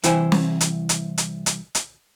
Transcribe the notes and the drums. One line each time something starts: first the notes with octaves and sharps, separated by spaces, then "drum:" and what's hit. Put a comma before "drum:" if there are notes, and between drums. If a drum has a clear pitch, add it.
C2 E3 E4 C5 G5 G#5, drum: hi-hat
drum: snare
drum: hi-hat
drum: hi-hat
drum: hi-hat
drum: hi-hat
drum: hi-hat